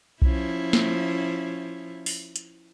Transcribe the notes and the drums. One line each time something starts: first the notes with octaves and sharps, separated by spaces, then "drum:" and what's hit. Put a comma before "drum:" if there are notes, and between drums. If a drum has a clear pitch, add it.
F3 C#4 E4, drum: kick B1
drum: snare
drum: open hi-hat
drum: hi-hat